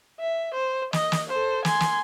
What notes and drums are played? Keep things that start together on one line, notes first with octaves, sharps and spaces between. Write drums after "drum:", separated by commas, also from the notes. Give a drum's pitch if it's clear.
E5
C5
D#5, drum: snare
drum: snare
A4 C5
G#5 C6, drum: snare
drum: snare